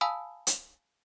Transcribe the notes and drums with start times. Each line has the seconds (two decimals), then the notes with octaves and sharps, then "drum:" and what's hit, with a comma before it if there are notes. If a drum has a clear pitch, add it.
0.01 F5 G#5 A5 B5 D#6 E6
0.47 drum: hi-hat